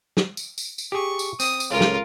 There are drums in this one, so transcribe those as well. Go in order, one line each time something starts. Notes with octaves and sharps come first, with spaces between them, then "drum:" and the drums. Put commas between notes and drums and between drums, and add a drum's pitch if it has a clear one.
drum: snare
drum: tambourine
drum: tambourine
drum: tambourine
G4 G#4 C#6
drum: tambourine
C4 D#6, drum: tambourine
drum: tambourine
C#2 A2 C#3 F4 A#4
drum: snare